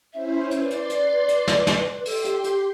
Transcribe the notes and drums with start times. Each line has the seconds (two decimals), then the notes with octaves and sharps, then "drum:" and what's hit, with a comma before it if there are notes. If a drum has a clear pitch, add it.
0.13 C#4 E4 C5 E5
0.51 drum: hi-hat
0.60 B4 D5 C6
0.70 drum: hi-hat
0.90 drum: hi-hat
1.28 drum: hi-hat
1.48 drum: snare
1.67 drum: snare
2.05 G4 A4 C6, drum: open hi-hat
2.25 drum: hi-hat
2.44 drum: hi-hat